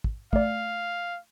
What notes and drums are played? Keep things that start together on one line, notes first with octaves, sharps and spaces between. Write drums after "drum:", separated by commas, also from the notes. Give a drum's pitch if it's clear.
drum: kick
A3 D5 F5, drum: kick